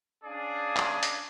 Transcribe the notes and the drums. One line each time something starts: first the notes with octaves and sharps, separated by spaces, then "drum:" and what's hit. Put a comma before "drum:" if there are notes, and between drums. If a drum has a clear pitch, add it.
C#4 D4 G#4 D5 F5 G#5
drum: clap
drum: hi-hat